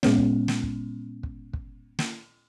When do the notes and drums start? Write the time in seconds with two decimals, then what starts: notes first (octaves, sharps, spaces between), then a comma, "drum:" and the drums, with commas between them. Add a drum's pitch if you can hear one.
0.03 A#2 G#3 B3 C#4, drum: snare
0.18 drum: kick
0.48 drum: snare
0.63 drum: kick
1.23 drum: kick
1.53 drum: kick
1.99 drum: snare